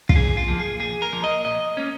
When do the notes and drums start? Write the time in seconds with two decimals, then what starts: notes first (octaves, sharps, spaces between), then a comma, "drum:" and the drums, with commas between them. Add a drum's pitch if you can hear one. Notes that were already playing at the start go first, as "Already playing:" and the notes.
0.09 F4, drum: kick
0.16 A#2 G#4
0.37 F4
0.48 F3 A#3
0.59 G#4
0.80 A#2 G#4
1.02 A#4
1.13 F3 A#3
1.24 D#5
1.45 A#2 D#5
1.77 A#3 C#4